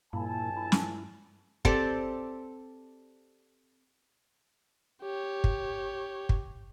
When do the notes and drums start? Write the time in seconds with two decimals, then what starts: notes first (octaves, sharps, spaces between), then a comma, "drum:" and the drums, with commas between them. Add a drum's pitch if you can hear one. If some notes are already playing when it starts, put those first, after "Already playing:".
0.13 A#1 G2 A#2 A#3 E4 G#5 A5
0.57 E4
0.72 drum: snare
1.65 C4 G4 A4 D5, drum: kick
5.02 G4 C#5
5.44 drum: kick
6.29 drum: kick